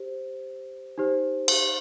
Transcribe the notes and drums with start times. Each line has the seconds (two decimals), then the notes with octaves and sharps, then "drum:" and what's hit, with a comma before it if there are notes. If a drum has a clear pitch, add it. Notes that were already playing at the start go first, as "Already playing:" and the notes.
Already playing: G4 C5
0.98 D#4 G4 C5
1.48 drum: cymbal